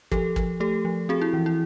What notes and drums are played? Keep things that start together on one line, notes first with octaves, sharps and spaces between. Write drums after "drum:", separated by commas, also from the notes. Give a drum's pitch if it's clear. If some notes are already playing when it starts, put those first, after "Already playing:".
F3 G4 A4, drum: kick
F3, drum: kick
A3 G4 A4
F3
C4 F#4 G#4
E4
E3
E4